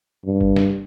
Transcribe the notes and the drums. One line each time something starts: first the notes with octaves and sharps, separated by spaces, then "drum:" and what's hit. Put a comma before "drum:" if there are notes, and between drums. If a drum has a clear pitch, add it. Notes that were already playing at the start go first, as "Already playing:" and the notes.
G2
drum: kick
drum: snare